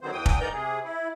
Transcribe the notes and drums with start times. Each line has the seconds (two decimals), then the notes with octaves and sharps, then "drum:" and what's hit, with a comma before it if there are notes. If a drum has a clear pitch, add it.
0.01 D3 D#3 F#3 B3 C4 C5
0.12 E2 E3 G5 D#6
0.26 drum: kick
0.40 G#2 D#4 A#4 D5 A#5 G6
0.53 C3 G#4
0.84 E4